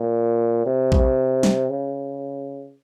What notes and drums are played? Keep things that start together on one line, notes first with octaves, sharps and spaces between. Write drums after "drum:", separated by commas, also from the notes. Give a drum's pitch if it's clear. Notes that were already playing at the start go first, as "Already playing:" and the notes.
Already playing: A#2
C3
drum: kick A#1
drum: snare
C#3